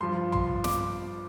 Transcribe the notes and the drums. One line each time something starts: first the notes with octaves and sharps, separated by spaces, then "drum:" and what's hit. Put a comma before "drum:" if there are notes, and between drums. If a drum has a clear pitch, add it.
G2 F3 C6
C6, drum: tom B1
D6, drum: snare